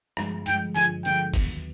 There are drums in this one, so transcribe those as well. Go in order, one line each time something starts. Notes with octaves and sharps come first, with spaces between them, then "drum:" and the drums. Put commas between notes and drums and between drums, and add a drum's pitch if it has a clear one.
G2 D3 F3 G#3, drum: rim click
G2 D3 F3 G#3 G5, drum: hi-hat
G2 D3 F3 G#3 G#5, drum: hi-hat
G2 D3 F3 G#3 G5, drum: hi-hat
D#2 D3 F#3 B3, drum: kick, open hi-hat